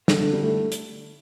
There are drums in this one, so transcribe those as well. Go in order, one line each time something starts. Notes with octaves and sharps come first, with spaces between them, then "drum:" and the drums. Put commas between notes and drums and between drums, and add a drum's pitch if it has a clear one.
D3, drum: snare
D3
G3
A3
drum: hi-hat